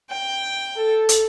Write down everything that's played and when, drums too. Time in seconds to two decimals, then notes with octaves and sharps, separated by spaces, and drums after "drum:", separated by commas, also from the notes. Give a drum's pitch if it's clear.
0.10 G5
0.76 A4
1.09 drum: hi-hat